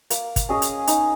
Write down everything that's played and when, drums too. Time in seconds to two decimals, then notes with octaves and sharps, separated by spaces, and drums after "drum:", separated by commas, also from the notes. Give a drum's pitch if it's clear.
0.10 A#3, drum: hi-hat
0.36 drum: kick, hi-hat
0.49 C#4 G#4 D#5
0.62 drum: hi-hat
0.87 D#4, drum: hi-hat